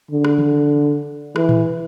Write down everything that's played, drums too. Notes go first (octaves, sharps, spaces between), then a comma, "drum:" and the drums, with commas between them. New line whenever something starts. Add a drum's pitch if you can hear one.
D3
drum: rim click
drum: tom D#3
E3, drum: rim click
drum: tom A2